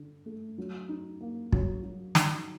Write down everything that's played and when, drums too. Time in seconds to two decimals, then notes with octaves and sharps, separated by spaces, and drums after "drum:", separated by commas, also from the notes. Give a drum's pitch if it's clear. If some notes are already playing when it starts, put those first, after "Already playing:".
Already playing: D3
0.26 A3
0.58 F#3
0.89 D#4
1.21 A#3
1.52 F#3, drum: kick
1.83 F#3
2.15 D#4, drum: snare